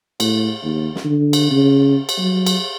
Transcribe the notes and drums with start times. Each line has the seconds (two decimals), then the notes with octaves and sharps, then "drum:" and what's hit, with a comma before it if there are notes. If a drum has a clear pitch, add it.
0.20 A2, drum: cymbal
0.64 D#2
0.95 drum: snare
1.05 D3
1.33 drum: cymbal
1.51 C#3
2.09 drum: cymbal
2.18 F#3
2.46 drum: cymbal